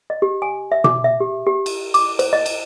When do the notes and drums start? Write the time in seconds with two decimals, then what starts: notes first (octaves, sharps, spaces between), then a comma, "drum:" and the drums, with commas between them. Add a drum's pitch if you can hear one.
0.10 D#5
0.22 G4
0.42 G#5
0.72 E5
0.84 D6, drum: tom B2
1.04 E5
1.20 G4
1.46 G4
1.66 drum: cymbal
1.94 D6, drum: cymbal
2.19 C5, drum: cymbal
2.33 D#5
2.46 drum: cymbal